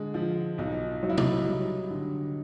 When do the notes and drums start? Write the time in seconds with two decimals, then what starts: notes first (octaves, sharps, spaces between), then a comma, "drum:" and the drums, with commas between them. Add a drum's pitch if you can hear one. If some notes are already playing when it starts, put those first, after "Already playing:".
Already playing: D3 G#3
0.14 F3
0.58 B1 D#4
1.03 F#3 D#4
1.10 E4
1.18 D#4, drum: tom
1.46 G3
1.90 D3